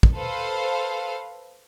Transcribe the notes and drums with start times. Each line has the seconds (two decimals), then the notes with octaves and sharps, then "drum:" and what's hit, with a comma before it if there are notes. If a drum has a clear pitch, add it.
0.03 drum: kick
0.15 A4 B4 C5 F5